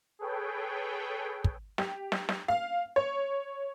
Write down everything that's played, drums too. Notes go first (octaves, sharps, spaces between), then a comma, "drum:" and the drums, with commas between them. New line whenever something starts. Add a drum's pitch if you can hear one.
G#4 A4 B4 C#5 G5
drum: kick
G4, drum: snare
drum: snare
drum: snare
F5
C#5